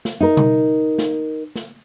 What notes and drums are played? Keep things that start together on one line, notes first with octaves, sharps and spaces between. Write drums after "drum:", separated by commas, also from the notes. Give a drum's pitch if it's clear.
drum: snare
D#4 A#4
drum: tom B2
drum: snare
drum: snare